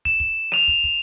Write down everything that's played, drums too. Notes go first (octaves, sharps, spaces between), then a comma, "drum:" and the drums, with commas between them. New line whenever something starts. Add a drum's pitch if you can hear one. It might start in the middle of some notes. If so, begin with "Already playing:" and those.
E7, drum: kick
drum: kick
D#7 F7, drum: snare
drum: kick
drum: kick